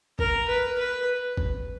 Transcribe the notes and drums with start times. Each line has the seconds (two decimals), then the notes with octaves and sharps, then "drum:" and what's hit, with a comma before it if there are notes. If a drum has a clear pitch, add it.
0.19 A#4, drum: kick
0.48 B4
0.78 B4
1.37 drum: kick